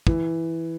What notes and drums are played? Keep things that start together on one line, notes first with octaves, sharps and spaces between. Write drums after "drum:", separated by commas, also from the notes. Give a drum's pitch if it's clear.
E3, drum: kick